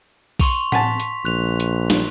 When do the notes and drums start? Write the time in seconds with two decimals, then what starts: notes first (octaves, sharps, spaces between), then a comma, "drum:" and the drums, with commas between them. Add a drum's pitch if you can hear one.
0.40 C6 C#6 F7, drum: kick B1, open hi-hat
0.72 F#5 G#5 A5 B6, drum: tom A2
1.00 drum: hi-hat
1.25 A#1 F#6 F7
1.60 drum: hi-hat
1.90 drum: snare